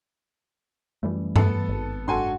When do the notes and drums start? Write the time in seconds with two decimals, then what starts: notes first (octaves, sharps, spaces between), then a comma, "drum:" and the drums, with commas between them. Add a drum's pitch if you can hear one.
1.03 F#2 E3 G3 A3
1.36 B3 A4, drum: tom G2
1.68 G#1
2.08 F#1 G#2 D4 F#4 A4 G#5 C6